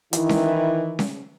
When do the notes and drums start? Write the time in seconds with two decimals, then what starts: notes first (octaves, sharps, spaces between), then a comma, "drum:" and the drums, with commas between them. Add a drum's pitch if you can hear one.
0.13 D#3 E3 E4, drum: hi-hat
0.29 drum: snare C#4
0.99 drum: snare C#4